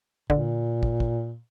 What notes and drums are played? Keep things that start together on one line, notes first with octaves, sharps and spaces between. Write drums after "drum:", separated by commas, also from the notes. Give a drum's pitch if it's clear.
A#2 D3, drum: kick
drum: kick
drum: kick